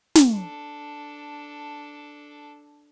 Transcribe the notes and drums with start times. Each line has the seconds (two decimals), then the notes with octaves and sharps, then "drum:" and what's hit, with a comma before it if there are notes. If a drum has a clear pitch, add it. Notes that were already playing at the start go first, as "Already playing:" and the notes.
0.16 drum: snare
0.32 D4 A4